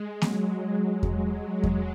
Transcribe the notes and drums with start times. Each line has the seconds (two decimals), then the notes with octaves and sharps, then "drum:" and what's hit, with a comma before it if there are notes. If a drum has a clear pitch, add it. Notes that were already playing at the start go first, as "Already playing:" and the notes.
Already playing: G#3
0.22 F#3, drum: snare A#3
1.03 drum: kick E2
1.63 drum: kick E2